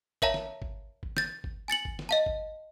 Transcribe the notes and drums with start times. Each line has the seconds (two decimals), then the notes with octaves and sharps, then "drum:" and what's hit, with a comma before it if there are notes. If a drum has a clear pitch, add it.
0.22 A#4 C#5 E5 F5 A5 A#5, drum: kick G#1
0.34 drum: snare
0.62 drum: kick G#1
1.03 drum: kick G#1
1.17 G6 A6, drum: snare
1.44 drum: kick G#1
1.68 G#5 A6 C#7 F#7
1.85 drum: kick G#1
1.99 drum: snare
2.09 D#5 F5 A5
2.26 drum: kick G#1